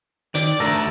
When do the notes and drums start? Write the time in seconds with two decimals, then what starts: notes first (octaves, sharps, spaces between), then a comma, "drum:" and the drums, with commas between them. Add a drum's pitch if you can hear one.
0.35 D#3 D5, drum: hi-hat
0.60 D2 A4 A#4